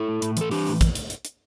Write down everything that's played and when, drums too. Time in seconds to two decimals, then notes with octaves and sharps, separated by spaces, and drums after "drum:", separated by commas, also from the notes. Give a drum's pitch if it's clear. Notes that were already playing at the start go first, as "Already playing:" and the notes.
Already playing: E4 A4
0.08 A2
0.22 A2, drum: hi-hat
0.37 E3 A4, drum: hi-hat
0.51 E3 D4 G4, drum: open hi-hat
0.66 A2, drum: open hi-hat
0.81 drum: kick, hi-hat
0.95 drum: hi-hat
1.10 drum: hi-hat
1.25 drum: hi-hat